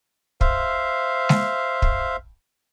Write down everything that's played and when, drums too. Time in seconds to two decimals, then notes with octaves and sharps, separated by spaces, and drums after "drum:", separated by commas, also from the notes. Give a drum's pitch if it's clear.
0.41 C5 E5 F5, drum: kick
1.29 drum: snare G#3
1.82 drum: kick